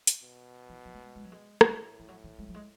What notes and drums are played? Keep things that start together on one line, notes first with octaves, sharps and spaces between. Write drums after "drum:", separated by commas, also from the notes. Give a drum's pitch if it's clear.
drum: hi-hat
B2
E3
F#3
A3
G#3
G#3
F#3
G#3
A2, drum: rim click
E3
F#3
D#3
G#3
F#3
G#3